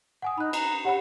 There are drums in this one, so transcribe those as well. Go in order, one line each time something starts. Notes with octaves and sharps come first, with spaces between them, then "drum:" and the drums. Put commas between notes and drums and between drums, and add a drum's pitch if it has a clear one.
F#5 G#5 D#6
D#4 B5 F#6
A#5, drum: cymbal
G4 C#5 F#5 B5